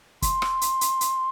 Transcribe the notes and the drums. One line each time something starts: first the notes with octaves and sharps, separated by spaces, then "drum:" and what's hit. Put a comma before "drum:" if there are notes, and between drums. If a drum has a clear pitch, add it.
C6, drum: kick, hi-hat
drum: rim click
drum: hi-hat
drum: hi-hat
drum: hi-hat